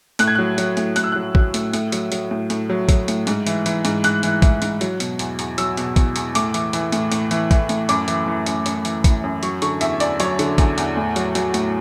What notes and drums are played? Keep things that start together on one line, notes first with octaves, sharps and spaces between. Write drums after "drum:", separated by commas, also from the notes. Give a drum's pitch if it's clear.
A2 F#6, drum: hi-hat
G#6
F#3 F#6
F#3, drum: hi-hat
A2, drum: hi-hat
A2 F#6, drum: hi-hat
E6
F#3 F#6
F#3, drum: kick
A2, drum: hi-hat
A2, drum: hi-hat
F#3, drum: hi-hat
F#3, drum: hi-hat
A2
A2, drum: hi-hat
F#3
F#3, drum: kick, hi-hat
A2, drum: hi-hat
G#2, drum: hi-hat
E3, drum: hi-hat
E3, drum: hi-hat
G#2, drum: hi-hat
G#2 F#6, drum: hi-hat
E3, drum: hi-hat
E3, drum: kick, hi-hat
G#2, drum: hi-hat
F#3, drum: hi-hat
B2, drum: hi-hat
E2, drum: hi-hat
E2, drum: hi-hat
F#3 E6, drum: hi-hat
B2, drum: hi-hat
E2, drum: kick, hi-hat
E2, drum: hi-hat
A2 D6, drum: hi-hat
E3, drum: hi-hat
E3, drum: hi-hat
A2, drum: hi-hat
A2, drum: hi-hat
E3, drum: hi-hat
E3, drum: kick, hi-hat
A2, drum: hi-hat
F#2 D6, drum: hi-hat
E3, drum: hi-hat
E3
F#2, drum: hi-hat
F#2, drum: hi-hat
E3, drum: hi-hat
E3, drum: kick, hi-hat
F#2
F#3 C#6, drum: hi-hat
D3 C#6, drum: hi-hat
E2 E5, drum: hi-hat
E2 D5, drum: hi-hat
F#3 C#5, drum: hi-hat
D3, drum: hi-hat
E2, drum: kick, hi-hat
E2, drum: hi-hat
A2
F#3, drum: hi-hat
F#3, drum: hi-hat
A2, drum: hi-hat